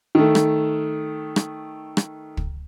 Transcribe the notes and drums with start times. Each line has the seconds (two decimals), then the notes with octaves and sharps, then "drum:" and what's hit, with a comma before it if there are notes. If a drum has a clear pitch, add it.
0.15 D#3 A3
0.35 drum: rim click
1.36 drum: rim click
1.97 drum: rim click
2.37 drum: kick